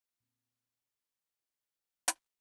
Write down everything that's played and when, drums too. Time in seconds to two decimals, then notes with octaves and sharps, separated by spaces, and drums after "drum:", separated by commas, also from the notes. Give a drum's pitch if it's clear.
0.20 A#2 A#3 C4
2.08 drum: hi-hat